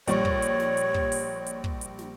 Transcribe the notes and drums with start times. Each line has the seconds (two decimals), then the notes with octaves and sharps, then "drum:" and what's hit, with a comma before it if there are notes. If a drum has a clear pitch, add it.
0.07 A#1 G3 C#5 C#6, drum: hi-hat
0.25 drum: kick
0.42 drum: hi-hat
0.60 drum: snare
0.77 drum: hi-hat
0.94 drum: kick
1.12 drum: open hi-hat
1.46 drum: hi-hat
1.64 drum: kick
1.81 drum: hi-hat
1.99 drum: snare